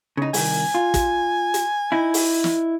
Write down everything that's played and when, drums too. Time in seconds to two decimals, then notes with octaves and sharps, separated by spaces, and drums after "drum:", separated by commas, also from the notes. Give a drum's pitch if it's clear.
0.17 C#3 D#4
0.34 C2 D#3 G#5, drum: open hi-hat
0.75 F4
0.94 drum: kick, hi-hat
1.54 drum: hi-hat
1.92 D#4 E4
2.14 drum: open hi-hat
2.44 drum: snare